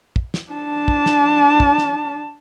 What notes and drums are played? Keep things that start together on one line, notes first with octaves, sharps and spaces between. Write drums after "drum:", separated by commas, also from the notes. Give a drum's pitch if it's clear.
drum: kick
drum: snare
D4 A5
drum: kick
drum: snare
drum: kick
drum: snare